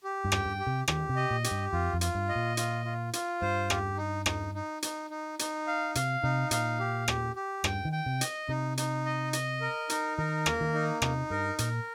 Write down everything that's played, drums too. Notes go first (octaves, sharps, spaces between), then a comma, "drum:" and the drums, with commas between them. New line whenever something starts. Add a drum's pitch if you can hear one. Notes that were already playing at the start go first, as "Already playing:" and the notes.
G4
G2
G5, drum: rim click
G2
G4
C3
D#3 G4, drum: rim click
C3
D#5
A#2
G4, drum: hi-hat
G2
F2 F4
F2
F4, drum: hi-hat
G2
D#5
A#2
F4, drum: hi-hat
F4
F4, drum: hi-hat
G2 C5
G4, drum: rim click
D#4
D#4, drum: rim click
D#4
D#4, drum: hi-hat
D#4
D#4, drum: hi-hat
F5
C3 F5, drum: hi-hat
C3 D#4
A#2 F5, drum: hi-hat
G4
G4, drum: rim click
G4
G2 G5, drum: rim click
D#3
G5
C3
D#5, drum: hi-hat
C3 D#4
D#4, drum: hi-hat
D#5
D#5, drum: hi-hat
A#4
D#4, drum: hi-hat
D#3 A#4
A#3, drum: rim click
D#3
D#4
C3 D#4, drum: rim click
G2 A#4
A#2 A#4, drum: hi-hat